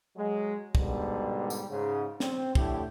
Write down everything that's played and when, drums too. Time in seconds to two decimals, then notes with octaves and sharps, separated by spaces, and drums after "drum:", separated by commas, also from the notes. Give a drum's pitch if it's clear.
0.16 F#3 G#3
0.75 G#2 B2 D3 G3, drum: kick
1.50 drum: tambourine
1.69 G#2 C#3
2.20 C4, drum: snare
2.55 A2 D3 A3 E4 G4, drum: kick